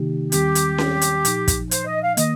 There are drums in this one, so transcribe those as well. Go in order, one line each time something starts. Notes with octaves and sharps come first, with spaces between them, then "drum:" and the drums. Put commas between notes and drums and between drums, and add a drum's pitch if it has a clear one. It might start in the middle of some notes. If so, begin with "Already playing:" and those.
Already playing: C3 D#3 A#3 D#4 G4
D#2 D#3 G3 C4 G4, drum: hi-hat
drum: hi-hat
drum: snare C#4
drum: hi-hat
A#2 F3 D#4, drum: hi-hat
drum: kick, hi-hat
C5, drum: hi-hat
D#5
F5
D#3 A#3 D#5, drum: hi-hat